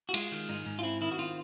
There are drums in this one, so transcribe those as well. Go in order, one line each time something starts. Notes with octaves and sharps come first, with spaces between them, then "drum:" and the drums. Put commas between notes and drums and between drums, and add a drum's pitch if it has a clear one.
F#4
G#3 F4, drum: cymbal
D#3
G#2 D#4
G#2
F4
C4 E4
D#3 E4
F#4
C4 F4